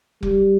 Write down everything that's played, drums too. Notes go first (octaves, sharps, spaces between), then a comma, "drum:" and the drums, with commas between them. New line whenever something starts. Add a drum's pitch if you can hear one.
G3, drum: kick F1